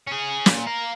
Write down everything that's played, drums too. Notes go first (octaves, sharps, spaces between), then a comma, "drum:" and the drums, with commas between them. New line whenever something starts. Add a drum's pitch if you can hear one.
C#4 G#4
A#2, drum: snare
F5 A#5